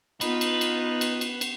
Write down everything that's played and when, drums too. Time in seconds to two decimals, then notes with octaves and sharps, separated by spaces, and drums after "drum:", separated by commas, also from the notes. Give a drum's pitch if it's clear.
0.21 B3 D#4 F4 B4, drum: cymbal
0.41 drum: cymbal
0.61 drum: cymbal
1.01 drum: cymbal
1.21 drum: cymbal
1.41 drum: cymbal